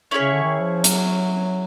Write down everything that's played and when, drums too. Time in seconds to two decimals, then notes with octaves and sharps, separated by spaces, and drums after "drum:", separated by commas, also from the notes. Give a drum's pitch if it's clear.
0.11 C#4 E4 G#4 C#5
0.21 C#3
0.32 D3
0.44 D#3
0.60 F3
0.84 F#3, drum: hi-hat